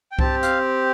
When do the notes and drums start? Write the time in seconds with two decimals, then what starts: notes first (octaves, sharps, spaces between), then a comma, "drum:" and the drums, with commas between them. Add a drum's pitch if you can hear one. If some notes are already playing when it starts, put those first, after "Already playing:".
0.12 G5
0.19 C4 G4 A5, drum: kick C2
0.42 F5, drum: hi-hat